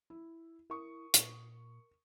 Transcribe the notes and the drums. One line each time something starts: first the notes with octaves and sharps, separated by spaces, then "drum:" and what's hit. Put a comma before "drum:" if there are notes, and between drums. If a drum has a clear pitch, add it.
E4
E4 A#4 C#6 D#6
A#2, drum: hi-hat